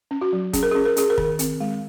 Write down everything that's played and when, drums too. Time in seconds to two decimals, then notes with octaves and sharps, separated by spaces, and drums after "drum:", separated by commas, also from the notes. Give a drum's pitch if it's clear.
0.11 C#4
0.21 F#4
0.33 F#3
0.53 C#4 G#4, drum: kick, hi-hat
0.63 A#4
0.72 C#4 G#4
0.85 A#4
0.97 C#4 G#4, drum: hi-hat
1.10 A#4
1.18 D#3, drum: kick
1.39 C4, drum: hi-hat
1.61 G#3